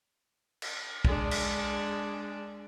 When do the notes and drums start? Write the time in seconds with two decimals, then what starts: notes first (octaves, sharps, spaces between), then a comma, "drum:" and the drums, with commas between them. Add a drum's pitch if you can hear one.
0.62 drum: cymbal
1.05 G#3 D4, drum: kick
1.31 drum: cymbal